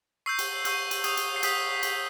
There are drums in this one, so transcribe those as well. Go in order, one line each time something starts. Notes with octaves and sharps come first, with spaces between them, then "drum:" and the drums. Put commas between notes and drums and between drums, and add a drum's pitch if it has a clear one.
C#6 E6 G6 C7
drum: cymbal
C#6 E6 G6, drum: cymbal
drum: cymbal
D#6 G6, drum: cymbal
drum: cymbal
C7
D#6 G6 B6, drum: cymbal
drum: cymbal